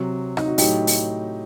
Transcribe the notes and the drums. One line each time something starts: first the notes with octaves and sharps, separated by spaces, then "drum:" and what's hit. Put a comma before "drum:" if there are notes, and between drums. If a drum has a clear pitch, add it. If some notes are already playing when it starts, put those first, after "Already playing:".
Already playing: C3 F#3
D#4, drum: rim click
F#4
A2 F#3 D#4 G4, drum: open hi-hat
drum: open hi-hat